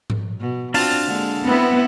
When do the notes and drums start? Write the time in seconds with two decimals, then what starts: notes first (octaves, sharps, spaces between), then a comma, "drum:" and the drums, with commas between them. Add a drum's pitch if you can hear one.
0.10 drum: tom G#2
0.40 B2
0.74 C4 D4 F4 F#4 F5 A5, drum: open hi-hat
1.06 D3 G#3 A#3
1.45 B3 C4 E4